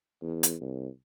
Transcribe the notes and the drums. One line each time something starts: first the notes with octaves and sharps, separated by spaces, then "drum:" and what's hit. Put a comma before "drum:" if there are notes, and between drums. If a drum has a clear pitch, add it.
E2
drum: hi-hat
C2